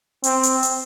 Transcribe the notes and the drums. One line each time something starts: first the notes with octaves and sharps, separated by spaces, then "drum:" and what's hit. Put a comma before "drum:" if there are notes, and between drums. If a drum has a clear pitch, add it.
C4, drum: hi-hat
drum: hi-hat
drum: hi-hat